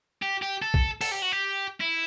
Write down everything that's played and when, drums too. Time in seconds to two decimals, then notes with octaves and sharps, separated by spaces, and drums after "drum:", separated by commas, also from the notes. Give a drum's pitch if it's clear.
0.22 G4
0.42 G4
0.62 A4
0.74 drum: kick
1.01 A4, drum: open hi-hat
1.12 G4
1.22 F#4
1.32 G4
1.81 E4